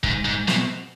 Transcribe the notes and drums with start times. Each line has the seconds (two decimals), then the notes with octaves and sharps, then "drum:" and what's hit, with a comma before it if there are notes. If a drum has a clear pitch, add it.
0.04 G#2, drum: kick
0.25 G#2
0.48 B2, drum: snare